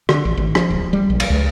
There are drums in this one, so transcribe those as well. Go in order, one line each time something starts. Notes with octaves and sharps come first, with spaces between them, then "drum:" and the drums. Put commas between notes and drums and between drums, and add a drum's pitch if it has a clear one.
D3, drum: rim click
A1
G#1
F3, drum: rim click
D1
G3
A#1
drum: cymbal
C#2